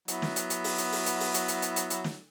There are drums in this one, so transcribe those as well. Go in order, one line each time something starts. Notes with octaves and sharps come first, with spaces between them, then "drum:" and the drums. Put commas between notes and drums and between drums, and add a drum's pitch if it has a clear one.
F#3 B3 E4, drum: hi-hat
drum: snare
drum: hi-hat
drum: hi-hat
drum: open hi-hat
drum: hi-hat
drum: open hi-hat
drum: hi-hat
drum: open hi-hat
drum: hi-hat
drum: hi-hat
drum: hi-hat
drum: hi-hat
drum: hi-hat
drum: snare